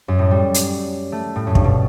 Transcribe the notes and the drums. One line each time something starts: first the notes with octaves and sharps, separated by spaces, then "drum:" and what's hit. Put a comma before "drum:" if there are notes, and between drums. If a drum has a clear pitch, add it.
F#2
A2
G3
drum: hi-hat
A3
A2
F#2
G2, drum: kick
B2